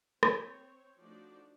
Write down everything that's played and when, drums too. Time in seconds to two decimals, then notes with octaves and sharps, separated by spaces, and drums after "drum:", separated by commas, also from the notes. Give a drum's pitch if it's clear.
0.23 C4 C#5, drum: rim click
1.00 F3 A3 D4 D#4 F#4 D5